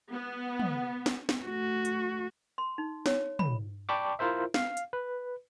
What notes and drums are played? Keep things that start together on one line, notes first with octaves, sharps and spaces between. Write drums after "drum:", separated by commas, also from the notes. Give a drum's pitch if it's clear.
B3
drum: tom
drum: snare
drum: snare
A3 F#4
drum: hi-hat
C6
D#4
C#5, drum: snare
B5, drum: tom
D5 G5 A5 B5 C#6 D6
E4 F4 A#4 C5 E5
F5, drum: snare
drum: hi-hat
B4